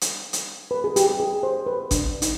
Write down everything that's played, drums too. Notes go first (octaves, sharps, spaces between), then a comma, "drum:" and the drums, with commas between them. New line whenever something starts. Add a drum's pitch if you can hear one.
drum: hi-hat
drum: hi-hat
B4
G#4
G4, drum: hi-hat
G#4
C5
B4
D4, drum: kick, hi-hat
D#4, drum: hi-hat